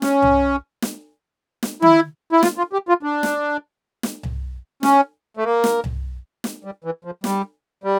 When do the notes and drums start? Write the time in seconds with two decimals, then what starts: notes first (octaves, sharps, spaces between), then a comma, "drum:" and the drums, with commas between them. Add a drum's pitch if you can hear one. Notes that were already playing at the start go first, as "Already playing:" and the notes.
0.02 C#4, drum: snare
0.22 drum: tom C2
0.82 drum: snare
1.63 drum: snare
1.82 E4, drum: tom D#3
2.33 E4
2.43 F4, drum: snare
2.58 F4
2.73 G4
2.89 F4
3.03 D4
3.23 drum: snare
4.03 drum: snare
4.23 drum: tom C2
4.83 C#4, drum: snare
5.37 A3
5.44 A#3
5.64 drum: snare
5.84 drum: tom C2
6.44 drum: snare
6.65 G3
6.84 E3
7.05 F3
7.24 G3, drum: snare
7.84 G3